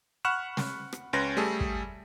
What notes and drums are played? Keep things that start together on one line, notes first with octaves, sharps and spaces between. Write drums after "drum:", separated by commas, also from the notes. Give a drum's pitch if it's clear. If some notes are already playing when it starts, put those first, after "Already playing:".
F#5 B5 C#6 F6 F#6 E7
drum: snare
drum: rim click
C#2 C#4 B4 C6 A#6
G3 A3 G#4 A4
drum: kick